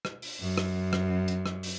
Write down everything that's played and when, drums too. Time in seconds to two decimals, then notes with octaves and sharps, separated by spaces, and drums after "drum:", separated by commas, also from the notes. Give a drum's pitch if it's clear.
0.05 drum: rim click
0.22 drum: open hi-hat
0.40 F#2
0.58 drum: rim click
0.93 drum: rim click
1.28 drum: hi-hat
1.46 drum: rim click
1.63 drum: open hi-hat